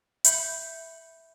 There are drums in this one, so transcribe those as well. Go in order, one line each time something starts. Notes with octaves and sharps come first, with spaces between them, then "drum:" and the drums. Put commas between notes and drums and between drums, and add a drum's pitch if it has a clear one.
E5 B5 G6 C#7, drum: hi-hat